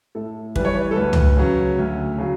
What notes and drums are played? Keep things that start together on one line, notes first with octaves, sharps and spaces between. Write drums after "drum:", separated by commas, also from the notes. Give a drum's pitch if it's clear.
A2 A4
E3 G3 B4, drum: kick
C#5
B4
A4
D2 B4
drum: tom C#2
C#3 F#3 C#4
D2
C#3 F#3